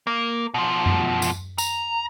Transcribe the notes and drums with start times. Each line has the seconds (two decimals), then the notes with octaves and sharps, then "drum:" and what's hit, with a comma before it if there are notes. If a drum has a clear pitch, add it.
0.07 A#3
0.54 B2 F3
0.86 drum: tom F#2
1.22 drum: tambourine
1.58 A#5, drum: tambourine